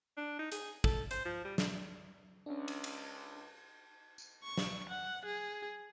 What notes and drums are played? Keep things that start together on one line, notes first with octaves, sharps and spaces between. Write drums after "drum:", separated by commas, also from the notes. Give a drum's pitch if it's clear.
D4
D#4
G#4, drum: hi-hat
A4, drum: kick
C5, drum: hi-hat
F3
G3
drum: snare
C#2 C#4 D4
drum: cymbal
drum: cymbal
drum: tambourine
C#6
drum: snare
F#5
G#4